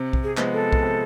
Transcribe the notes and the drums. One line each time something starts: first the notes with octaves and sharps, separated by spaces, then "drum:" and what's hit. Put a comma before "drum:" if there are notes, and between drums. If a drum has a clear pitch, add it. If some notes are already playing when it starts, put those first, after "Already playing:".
Already playing: C3
drum: kick B1
G#4
F3 G#3 B3, drum: clap
A4
drum: kick B1
C3